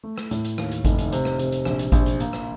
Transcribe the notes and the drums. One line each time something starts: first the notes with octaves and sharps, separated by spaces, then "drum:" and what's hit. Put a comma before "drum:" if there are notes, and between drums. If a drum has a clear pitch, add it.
A3
drum: rim click
A2, drum: hi-hat
drum: hi-hat
D#2, drum: rim click
drum: hi-hat
F1, drum: kick G#1, hi-hat
drum: hi-hat
C3, drum: hi-hat
drum: rim click
C3, drum: hi-hat
drum: hi-hat
A#1, drum: rim click
drum: hi-hat
A#1, drum: kick G#1, hi-hat
drum: hi-hat
A#3, drum: hi-hat
drum: rim click